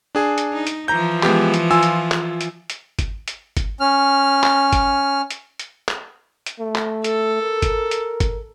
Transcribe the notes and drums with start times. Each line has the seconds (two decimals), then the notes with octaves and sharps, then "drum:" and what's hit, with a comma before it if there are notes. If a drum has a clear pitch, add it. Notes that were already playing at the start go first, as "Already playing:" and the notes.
0.15 D4 G#4 G#5
0.38 drum: hi-hat
0.53 D#4
0.67 drum: hi-hat
0.88 E3 F3 A#5 G6
1.23 G#3 B3 G4, drum: clap
1.54 drum: hi-hat
1.71 F4 G#5 E6
1.83 drum: hi-hat
2.12 drum: clap
2.41 drum: hi-hat
2.70 drum: hi-hat
2.99 drum: kick, hi-hat
3.28 drum: hi-hat
3.57 drum: kick, hi-hat
3.80 C#4 F6
4.44 drum: clap
4.73 drum: kick, hi-hat
5.30 drum: hi-hat
5.59 drum: hi-hat
5.88 drum: clap
6.46 drum: hi-hat
6.60 A3
6.75 drum: clap
7.04 A4, drum: hi-hat
7.42 A#4
7.62 drum: kick, hi-hat
7.91 drum: hi-hat
8.20 drum: kick, hi-hat